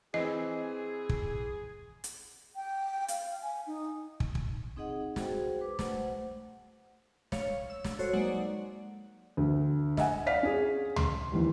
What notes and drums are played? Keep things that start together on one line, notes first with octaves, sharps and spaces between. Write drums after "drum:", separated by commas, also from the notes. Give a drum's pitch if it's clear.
E3 C4 G#4 D#5
drum: kick
drum: hi-hat
G5
F5, drum: hi-hat
G#5
D#4
drum: kick
drum: kick
C4 D#4 G#4 D#5 F#5
F#4 G#4 C5 G5, drum: snare
B4 D6
A3 C5 F#5, drum: snare
C#5 F5, drum: snare
E6
drum: snare
F#4 A4 C5 C#5
F#3 G#3 A#3 D#4 D5 F#5
D2
D#5 E5 F#5 G#5, drum: snare
D5 F5 B6
C#4 G#4
C6, drum: tom C#2
D#2 E3 G3